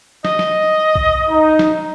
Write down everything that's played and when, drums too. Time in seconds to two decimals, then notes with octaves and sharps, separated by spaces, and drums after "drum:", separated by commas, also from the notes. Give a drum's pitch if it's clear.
0.25 D#5, drum: snare
0.39 drum: snare
0.95 drum: kick A#1
1.30 D#4
1.59 drum: snare